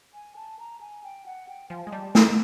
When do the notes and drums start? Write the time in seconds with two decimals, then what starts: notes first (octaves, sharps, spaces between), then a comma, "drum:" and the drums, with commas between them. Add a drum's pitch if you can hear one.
0.14 G#5
0.36 A5
0.59 A#5
0.81 G#5
1.04 G5
1.26 F#5
1.49 G5
1.70 F3 G#5
1.78 A5
1.84 G#5
1.87 G#3
1.92 G3 A5
2.15 G#3 A#5, drum: snare A3